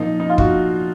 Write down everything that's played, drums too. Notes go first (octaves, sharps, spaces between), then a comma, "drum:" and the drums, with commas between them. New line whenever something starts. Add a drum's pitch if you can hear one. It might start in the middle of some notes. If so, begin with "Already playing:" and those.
Already playing: A#2 F3 D#4
D#4
F4
F#4, drum: kick